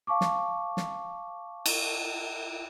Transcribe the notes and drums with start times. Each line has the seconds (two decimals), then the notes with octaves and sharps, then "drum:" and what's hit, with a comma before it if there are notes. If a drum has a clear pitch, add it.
0.07 F5 A5 C#6 D6
0.21 drum: snare
0.77 drum: snare
1.66 drum: cymbal